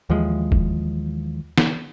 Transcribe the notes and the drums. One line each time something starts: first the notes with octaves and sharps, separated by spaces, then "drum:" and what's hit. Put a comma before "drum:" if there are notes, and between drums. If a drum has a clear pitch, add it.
D#2 E3 F3 G#3
drum: kick
drum: snare